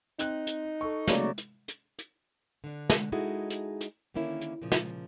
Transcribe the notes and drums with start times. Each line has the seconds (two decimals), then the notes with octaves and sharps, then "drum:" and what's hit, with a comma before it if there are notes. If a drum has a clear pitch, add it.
0.19 C4 D#4 F#6, drum: hi-hat
0.47 drum: hi-hat
0.81 A4 C#6
1.07 C#3 F#3 A3 A#3 D5, drum: snare
1.38 drum: hi-hat
1.68 drum: hi-hat
1.99 drum: hi-hat
2.64 D3 D4
2.90 drum: snare
3.12 G#3 D#4 E4 F#4 G#4 A4
3.50 drum: hi-hat
3.81 drum: hi-hat
4.14 D3 D#3 A#3 C#4 E4
4.41 drum: hi-hat
4.62 A#2 C#3 F3
4.72 drum: snare